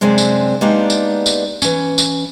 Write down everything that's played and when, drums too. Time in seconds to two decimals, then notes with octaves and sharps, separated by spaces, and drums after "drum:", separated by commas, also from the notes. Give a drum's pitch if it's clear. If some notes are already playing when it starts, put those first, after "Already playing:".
0.01 F#2 C3 G#3 C4 D4
0.18 drum: tambourine
0.61 G#3 A#3 B3 D4 D#4 G4
0.90 drum: tambourine
1.26 drum: tambourine
1.62 E3 C#4, drum: tambourine
1.98 drum: tambourine